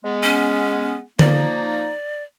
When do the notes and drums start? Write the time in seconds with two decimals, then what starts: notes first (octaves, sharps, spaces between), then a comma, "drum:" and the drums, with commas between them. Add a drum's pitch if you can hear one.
0.05 G#3 B3
0.23 C#4
1.19 F3 A#3 D#4 D5, drum: tom D3